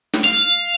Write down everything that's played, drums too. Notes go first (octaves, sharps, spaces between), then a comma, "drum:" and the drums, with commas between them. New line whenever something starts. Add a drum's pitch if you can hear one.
drum: snare
F5